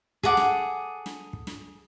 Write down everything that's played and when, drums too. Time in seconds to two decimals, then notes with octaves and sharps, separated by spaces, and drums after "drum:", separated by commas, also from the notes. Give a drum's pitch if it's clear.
0.23 G#4 A4 F#5 D6, drum: kick
0.37 drum: snare
1.06 drum: snare
1.33 drum: kick
1.47 drum: snare